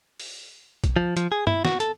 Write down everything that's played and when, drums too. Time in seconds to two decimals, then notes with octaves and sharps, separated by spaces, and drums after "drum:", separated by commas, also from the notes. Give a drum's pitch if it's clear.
0.20 drum: open hi-hat
0.84 drum: kick, hi-hat
0.96 F3
1.17 F3, drum: hi-hat
1.32 G#4
1.47 E4, drum: tom G2
1.65 F#4, drum: snare
1.80 A4, drum: hi-hat